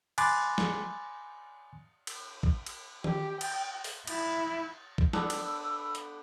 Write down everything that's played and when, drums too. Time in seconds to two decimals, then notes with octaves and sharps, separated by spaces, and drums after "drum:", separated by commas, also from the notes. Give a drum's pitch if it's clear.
0.18 G#5 B5 C6 D6 F#6 A6, drum: cymbal
0.58 drum: snare
2.07 drum: cymbal
2.43 drum: kick
2.66 drum: cymbal
3.04 G4, drum: tom D#3
3.41 G5, drum: cymbal
3.84 drum: open hi-hat
4.07 E4, drum: cymbal
4.98 drum: kick
5.13 B3 D4 A4 E6, drum: snare
5.30 drum: cymbal
5.95 drum: hi-hat